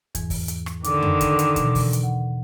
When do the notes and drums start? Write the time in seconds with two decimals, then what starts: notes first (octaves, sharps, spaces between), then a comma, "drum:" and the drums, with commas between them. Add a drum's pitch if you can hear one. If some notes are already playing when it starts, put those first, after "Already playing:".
0.15 E2 G#2 E3, drum: kick, hi-hat
0.30 drum: kick, open hi-hat
0.48 drum: hi-hat
0.66 drum: rim click
0.84 D3 D#3 D6, drum: hi-hat
1.02 drum: tom F2
1.21 drum: kick, hi-hat
1.39 drum: hi-hat
1.56 B2 E3, drum: kick, hi-hat
1.75 drum: kick, open hi-hat
1.93 drum: hi-hat
2.03 F#5